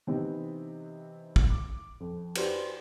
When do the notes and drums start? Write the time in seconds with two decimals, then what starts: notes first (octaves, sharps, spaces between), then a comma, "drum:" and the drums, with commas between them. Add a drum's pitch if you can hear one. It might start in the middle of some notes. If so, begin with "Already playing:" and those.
0.07 C3 E3 B3 C4 D#4
1.36 drum: kick
1.50 D6
2.00 F2
2.35 F#4 G4 B4 C5 D5 C6, drum: cymbal